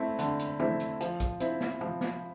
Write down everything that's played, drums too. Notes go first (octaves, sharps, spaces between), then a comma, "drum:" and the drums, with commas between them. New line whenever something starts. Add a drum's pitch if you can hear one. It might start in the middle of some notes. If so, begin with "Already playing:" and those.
Already playing: A3 C4 E4
D3, drum: hi-hat
drum: hi-hat
A3 C4 E4, drum: tom
drum: hi-hat
F3, drum: hi-hat
drum: kick, hi-hat
C4 E4, drum: hi-hat
drum: snare
F3, drum: tom
drum: snare